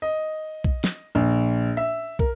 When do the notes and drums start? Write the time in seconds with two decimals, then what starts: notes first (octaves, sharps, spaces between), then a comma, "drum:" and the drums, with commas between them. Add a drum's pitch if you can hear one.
0.02 D#5
0.64 drum: kick
0.84 drum: snare
1.15 A#1
1.77 E5
2.19 A#4, drum: kick